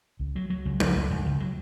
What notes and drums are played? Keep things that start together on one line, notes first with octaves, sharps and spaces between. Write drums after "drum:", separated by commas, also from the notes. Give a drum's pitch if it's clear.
C#2
F#3
F#3
C#2
C#2, drum: tom F3
C#2
C#2
C#2
F#3